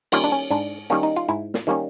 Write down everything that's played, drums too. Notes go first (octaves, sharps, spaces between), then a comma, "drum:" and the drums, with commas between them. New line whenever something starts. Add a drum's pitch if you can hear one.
D#3 G3 A#3 C#4 F4, drum: cymbal
D4
C#4
G#2 D4
D#3 G3 A#3 C#4
D#4
F4
G#2 E4
drum: snare
D#3 G3 A#3 C#4